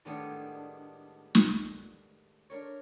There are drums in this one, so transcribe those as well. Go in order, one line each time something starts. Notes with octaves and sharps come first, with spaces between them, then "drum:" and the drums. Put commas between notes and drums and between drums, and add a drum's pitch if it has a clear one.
A2 D#3 G3 G#3 B3 D4
drum: snare
D4 A#4 C#5